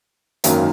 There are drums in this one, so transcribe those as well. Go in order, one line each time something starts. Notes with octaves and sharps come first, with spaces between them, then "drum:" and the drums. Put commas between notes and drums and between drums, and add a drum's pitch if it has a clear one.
G#1 F#2 D#3 F#3 A#3, drum: hi-hat